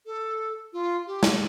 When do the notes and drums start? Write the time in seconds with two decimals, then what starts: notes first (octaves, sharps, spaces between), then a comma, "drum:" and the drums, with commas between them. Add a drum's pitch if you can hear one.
0.06 A4
0.73 F4
1.07 G4
1.23 drum: snare